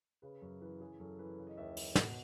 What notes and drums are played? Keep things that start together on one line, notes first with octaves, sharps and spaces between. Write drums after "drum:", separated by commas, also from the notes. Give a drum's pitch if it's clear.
C#3 B4
F#2
E3 B4
C#3 G#4
F#2 A4
E3 B4
C#3
D#5
D#2 E5
E3, drum: open hi-hat
B2 F#5, drum: snare